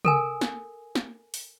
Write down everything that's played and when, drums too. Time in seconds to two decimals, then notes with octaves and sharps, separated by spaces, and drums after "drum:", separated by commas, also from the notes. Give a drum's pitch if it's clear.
0.05 A4 A#4 G#5, drum: tom
0.41 drum: snare
0.95 drum: snare
1.34 drum: open hi-hat